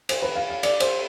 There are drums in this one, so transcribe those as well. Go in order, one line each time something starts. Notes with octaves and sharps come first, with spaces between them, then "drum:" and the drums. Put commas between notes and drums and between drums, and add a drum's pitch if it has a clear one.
C5, drum: cymbal
B4
F5
F5
D5, drum: cymbal
C5, drum: cymbal